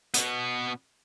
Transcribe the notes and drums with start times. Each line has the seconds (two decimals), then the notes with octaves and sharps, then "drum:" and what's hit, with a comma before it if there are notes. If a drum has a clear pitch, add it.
0.14 B2 B3, drum: hi-hat